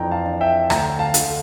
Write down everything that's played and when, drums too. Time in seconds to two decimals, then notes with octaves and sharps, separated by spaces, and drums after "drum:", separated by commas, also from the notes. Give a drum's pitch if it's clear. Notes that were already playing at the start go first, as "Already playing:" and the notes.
Already playing: F2 E3 D4 G5 A#5
0.11 F5 A5
0.26 D4
0.41 E5 G5
0.70 D2 G5 A#5, drum: rim click
0.99 F5 A5
1.14 D3, drum: hi-hat